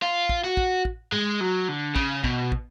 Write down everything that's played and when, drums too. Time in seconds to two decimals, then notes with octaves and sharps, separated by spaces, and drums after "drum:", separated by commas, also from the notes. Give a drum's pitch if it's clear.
0.02 F4
0.29 drum: kick
0.44 F#4
0.57 drum: kick
0.85 drum: kick
1.12 G#3, drum: tom
1.40 F#3
1.68 D3
1.96 C#3, drum: kick
2.24 B2, drum: kick
2.52 drum: kick